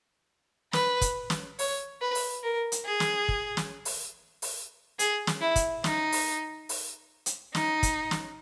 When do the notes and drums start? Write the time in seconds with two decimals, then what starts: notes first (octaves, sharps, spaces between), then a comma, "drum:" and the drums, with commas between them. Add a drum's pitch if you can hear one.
0.73 B4, drum: snare
1.01 drum: kick, hi-hat
1.30 drum: snare
1.59 C#5, drum: open hi-hat
2.01 B4
2.15 drum: open hi-hat
2.43 A#4
2.72 drum: hi-hat
2.85 G#4
3.00 drum: snare
3.29 drum: kick
3.57 drum: snare
3.85 drum: open hi-hat
4.42 drum: open hi-hat
4.99 G#4, drum: hi-hat
5.27 drum: snare
5.41 E4
5.56 drum: kick, hi-hat
5.84 D#4, drum: snare
6.12 drum: open hi-hat
6.69 drum: open hi-hat
7.26 drum: hi-hat
7.55 D#4, drum: snare
7.83 drum: kick, hi-hat
8.11 drum: snare